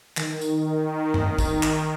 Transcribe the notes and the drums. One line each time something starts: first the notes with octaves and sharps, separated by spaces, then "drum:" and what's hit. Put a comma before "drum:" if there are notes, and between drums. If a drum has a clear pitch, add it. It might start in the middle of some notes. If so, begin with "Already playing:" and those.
D#3, drum: clap
drum: tambourine
drum: tom G2
drum: kick, tambourine
drum: clap